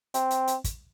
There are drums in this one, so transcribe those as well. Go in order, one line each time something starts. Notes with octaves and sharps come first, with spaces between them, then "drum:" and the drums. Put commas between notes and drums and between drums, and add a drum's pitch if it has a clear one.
C4, drum: hi-hat
drum: hi-hat
drum: hi-hat
drum: kick, hi-hat